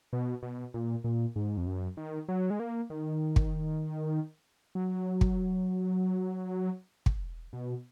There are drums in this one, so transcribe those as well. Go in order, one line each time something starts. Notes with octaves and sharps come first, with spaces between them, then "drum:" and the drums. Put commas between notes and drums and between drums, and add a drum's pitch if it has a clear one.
B2
B2
A#2
A#2
G#2
F2
F#2
D#3
F#3
G#3
A#3
D#3
drum: kick
F#3
drum: kick
drum: kick
B2